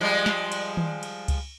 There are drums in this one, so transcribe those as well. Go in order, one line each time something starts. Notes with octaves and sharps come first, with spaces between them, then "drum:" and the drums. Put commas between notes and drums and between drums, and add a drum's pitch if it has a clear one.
F3 G3 G#3
drum: snare
drum: cymbal
drum: tom D#3
drum: cymbal
drum: kick C#2, cymbal